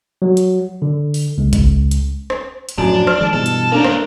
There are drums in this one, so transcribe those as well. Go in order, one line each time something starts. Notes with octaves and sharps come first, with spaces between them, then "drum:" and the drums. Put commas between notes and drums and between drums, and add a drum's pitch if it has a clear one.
F#3
drum: hi-hat
D3
drum: open hi-hat
C#2
drum: kick G#1, hi-hat
drum: hi-hat
drum: rim click
drum: hi-hat
F#2 A2 F3 D4
F6, drum: rim click
D#3 F3 G#3
G2 B2 E3 A4
drum: hi-hat
A3 A#3 C#4 D4 A#4
drum: rim click